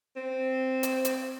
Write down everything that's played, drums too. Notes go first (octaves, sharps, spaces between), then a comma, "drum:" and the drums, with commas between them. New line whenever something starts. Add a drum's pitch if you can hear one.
C4
drum: hi-hat
drum: hi-hat